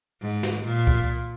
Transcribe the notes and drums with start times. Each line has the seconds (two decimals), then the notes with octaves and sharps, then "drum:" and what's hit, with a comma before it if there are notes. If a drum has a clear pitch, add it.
0.21 G#2
0.43 drum: snare
0.65 A#2
0.87 drum: kick C2